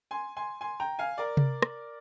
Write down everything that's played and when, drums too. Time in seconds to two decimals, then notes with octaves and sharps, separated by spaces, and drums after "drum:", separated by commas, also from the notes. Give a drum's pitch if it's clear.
0.11 G#5 C6
0.37 G#5 C6
0.61 G#5 C6
0.80 G5 A#5
0.99 F5 G#5
1.18 A#4 D5
1.37 drum: tom C3
1.62 drum: rim click